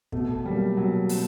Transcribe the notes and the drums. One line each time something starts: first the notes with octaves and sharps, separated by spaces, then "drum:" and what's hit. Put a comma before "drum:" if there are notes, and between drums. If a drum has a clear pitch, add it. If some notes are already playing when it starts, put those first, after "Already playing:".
B2 A3, drum: kick
F#3 G3 A#3
B2 F#3
A#3, drum: open hi-hat